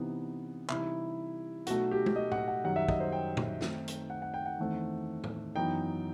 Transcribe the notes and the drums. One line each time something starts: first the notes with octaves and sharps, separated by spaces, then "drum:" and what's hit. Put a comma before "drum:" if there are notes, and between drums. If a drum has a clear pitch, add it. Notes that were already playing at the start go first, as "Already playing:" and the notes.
Already playing: C3 E3 B3 D#4
C3 E3 G3 D#4 E4, drum: clap
B2 F#3 A3 D#4 F#4, drum: hi-hat
G4
drum: tom
D#5
F#5, drum: tom
F#5
F#2 D#3 G3 F#5
E5
D#5, drum: kick
C5
G5
drum: tom
D#3 A3 C4 D#4, drum: snare
drum: hi-hat
F#5
F#5
G5
F#5
E2 D#3 A3 C4
drum: tom
F#2 E3 B3 D#4 G5